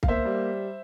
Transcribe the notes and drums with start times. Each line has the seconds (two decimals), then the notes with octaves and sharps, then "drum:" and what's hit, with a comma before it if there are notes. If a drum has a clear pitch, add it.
0.03 F5, drum: kick C2
0.08 A#3 C5 E5
0.25 G3